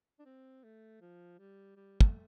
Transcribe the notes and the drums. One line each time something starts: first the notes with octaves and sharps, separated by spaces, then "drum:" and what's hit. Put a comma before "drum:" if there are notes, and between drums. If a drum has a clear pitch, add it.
D4
C4
A3
F3
G3
G3
A3, drum: kick